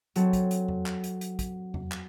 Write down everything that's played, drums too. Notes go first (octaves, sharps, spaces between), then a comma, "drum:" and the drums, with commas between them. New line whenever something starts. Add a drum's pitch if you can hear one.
F#3 C4 A4, drum: hi-hat
drum: kick, hi-hat
drum: hi-hat
drum: tom E2
drum: clap
drum: hi-hat
drum: hi-hat
drum: kick, hi-hat
drum: tom E2
drum: clap